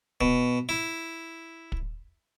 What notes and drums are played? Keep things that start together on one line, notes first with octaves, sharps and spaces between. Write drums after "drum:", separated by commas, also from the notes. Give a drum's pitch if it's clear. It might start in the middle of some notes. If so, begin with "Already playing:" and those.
B2, drum: kick
E4
drum: kick